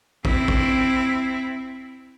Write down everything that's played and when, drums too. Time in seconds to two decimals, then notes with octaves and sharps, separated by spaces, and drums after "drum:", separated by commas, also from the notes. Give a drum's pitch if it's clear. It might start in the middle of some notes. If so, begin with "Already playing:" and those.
0.25 C4 E4, drum: kick
0.48 drum: kick